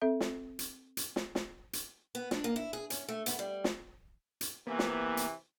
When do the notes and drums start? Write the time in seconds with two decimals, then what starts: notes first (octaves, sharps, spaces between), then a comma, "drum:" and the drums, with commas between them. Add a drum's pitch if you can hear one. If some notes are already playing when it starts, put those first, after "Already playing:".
0.02 C4 A4 E5
0.21 drum: snare
0.59 drum: hi-hat
0.97 drum: hi-hat
1.16 drum: snare
1.35 drum: snare
1.73 drum: hi-hat
2.15 B3
2.31 D4, drum: snare
2.44 A#3
2.56 E4
2.73 G#4
2.90 C#4, drum: hi-hat
3.09 A3
3.26 B3, drum: hi-hat
3.39 G3
3.64 drum: snare
4.41 drum: hi-hat
4.67 C3 E3 A#3 B3
4.79 drum: snare
5.17 drum: hi-hat